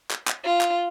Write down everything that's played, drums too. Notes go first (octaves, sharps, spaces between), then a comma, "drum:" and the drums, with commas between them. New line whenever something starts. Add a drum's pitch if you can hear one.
drum: clap
drum: clap
F4
drum: clap